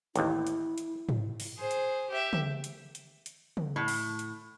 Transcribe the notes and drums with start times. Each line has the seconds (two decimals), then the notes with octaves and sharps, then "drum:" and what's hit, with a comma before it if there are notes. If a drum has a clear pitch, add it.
0.16 A1 D#2 E4, drum: hi-hat
0.47 drum: hi-hat
0.78 drum: hi-hat
1.09 drum: tom G#2
1.40 drum: open hi-hat
1.58 G#4 C5
1.71 drum: hi-hat
2.09 G4 E5
2.33 drum: tom C#3
2.64 drum: hi-hat
2.95 drum: hi-hat
3.26 drum: hi-hat
3.57 drum: tom C#3
3.76 A2
3.88 drum: open hi-hat
4.19 drum: hi-hat